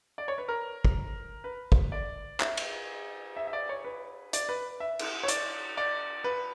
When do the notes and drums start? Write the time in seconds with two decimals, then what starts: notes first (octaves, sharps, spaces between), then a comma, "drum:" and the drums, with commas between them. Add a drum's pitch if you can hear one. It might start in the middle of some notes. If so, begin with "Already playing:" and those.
0.18 D5
0.28 C#5
0.38 B4
0.48 A#4
0.85 drum: kick
1.44 B4
1.72 drum: kick
1.92 D5
2.40 E5, drum: clap
2.57 drum: cymbal
3.37 E5
3.47 E5
3.53 D5
3.69 C#5
3.85 B4
4.33 D5, drum: hi-hat
4.49 B4
4.80 E5
4.99 drum: cymbal
5.23 C#5
5.28 D5, drum: hi-hat
5.77 D5
6.24 B4